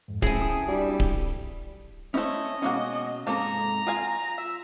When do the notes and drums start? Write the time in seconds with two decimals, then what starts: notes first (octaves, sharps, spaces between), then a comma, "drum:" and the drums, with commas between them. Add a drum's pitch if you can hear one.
0.08 F2 G#2
0.22 F#3 A3 C4 C#4 E4 G#4 A4 G#5, drum: kick D1
0.42 D#6
0.68 G3 D4 F#4
1.00 drum: kick D1
2.14 A3 C#4 E4 C5 C#5 D#5
2.62 B2 G#3 A#3 C#4 F#4
3.27 G#2 C3 F3 A#3 A4 A#5
3.87 F4 G#4 F5 G#5
4.38 E5